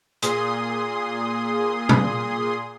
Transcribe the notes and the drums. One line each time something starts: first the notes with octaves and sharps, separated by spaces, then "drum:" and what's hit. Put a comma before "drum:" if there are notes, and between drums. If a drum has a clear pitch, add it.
A#2 G#4 C6 D#6, drum: hi-hat
drum: tom A#2